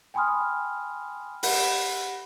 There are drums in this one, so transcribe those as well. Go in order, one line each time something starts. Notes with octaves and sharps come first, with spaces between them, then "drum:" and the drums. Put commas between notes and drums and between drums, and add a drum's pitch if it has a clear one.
G5 G#5 B5 C6 D#6 F6
G4 F#5 B5, drum: open hi-hat